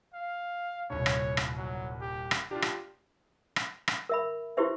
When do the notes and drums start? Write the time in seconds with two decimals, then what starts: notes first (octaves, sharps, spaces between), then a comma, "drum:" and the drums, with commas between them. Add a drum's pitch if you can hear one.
0.14 F5
0.90 D#1 C2 C#5
1.06 drum: rim click
1.37 drum: rim click
1.57 F#3
2.01 G4
2.31 drum: rim click
2.51 D4 F4 G4
2.62 drum: rim click
3.56 drum: rim click
3.88 drum: rim click
4.09 A#4 E5 B5
4.57 E4 F#4 G4 B4 C5 E5